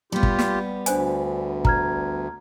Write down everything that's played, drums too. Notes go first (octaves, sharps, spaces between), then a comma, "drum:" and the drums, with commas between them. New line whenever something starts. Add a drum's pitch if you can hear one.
G3 B3 F4 G4
drum: kick
drum: snare
D2 D4 C5 G#5, drum: hi-hat
A#5 F6 G#6, drum: kick